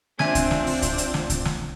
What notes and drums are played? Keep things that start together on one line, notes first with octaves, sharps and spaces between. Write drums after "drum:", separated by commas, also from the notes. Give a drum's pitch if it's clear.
C4 D4 F4 E5 G#5 G#6, drum: snare
drum: kick C2, hi-hat
drum: snare
drum: open hi-hat
drum: kick C2, hi-hat
drum: hi-hat
drum: snare
drum: kick C2, hi-hat
drum: snare